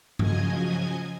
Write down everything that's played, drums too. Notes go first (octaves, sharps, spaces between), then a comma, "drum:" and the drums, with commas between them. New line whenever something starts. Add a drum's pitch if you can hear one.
C#3 F3 F#3 D#5 G#5 G#6, drum: tom G2